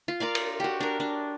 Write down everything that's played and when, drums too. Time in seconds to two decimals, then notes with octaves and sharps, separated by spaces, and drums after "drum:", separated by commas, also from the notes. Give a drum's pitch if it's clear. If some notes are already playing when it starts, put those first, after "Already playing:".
0.08 F4
0.20 F4 A#4 D5 F5
0.35 drum: cymbal
0.60 F#4 G4
0.80 D4 A#4
1.00 D4